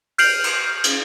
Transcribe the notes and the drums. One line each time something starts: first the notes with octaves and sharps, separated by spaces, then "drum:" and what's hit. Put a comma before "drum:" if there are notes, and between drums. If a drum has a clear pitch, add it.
F6 G6 C7 D7 F7 F#7, drum: open hi-hat
drum: cymbal
drum: cymbal